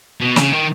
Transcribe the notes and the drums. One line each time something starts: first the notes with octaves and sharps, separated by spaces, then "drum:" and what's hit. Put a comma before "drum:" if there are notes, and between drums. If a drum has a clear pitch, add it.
B2
C#3, drum: snare
D#3